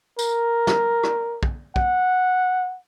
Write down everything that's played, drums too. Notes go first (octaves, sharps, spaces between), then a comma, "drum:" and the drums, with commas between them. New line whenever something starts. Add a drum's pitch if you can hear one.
A#4, drum: tambourine
drum: snare
drum: rim click
drum: kick
F#5, drum: kick